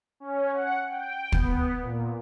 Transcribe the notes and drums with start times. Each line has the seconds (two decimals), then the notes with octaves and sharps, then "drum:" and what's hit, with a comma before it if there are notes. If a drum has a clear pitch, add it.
0.20 C#4
0.53 F#5
0.89 G5
1.33 B3, drum: kick
1.81 A#2